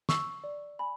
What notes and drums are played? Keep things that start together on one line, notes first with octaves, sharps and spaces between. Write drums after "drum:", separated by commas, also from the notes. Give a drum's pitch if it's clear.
C#6 E6, drum: snare
D5
G#5 B5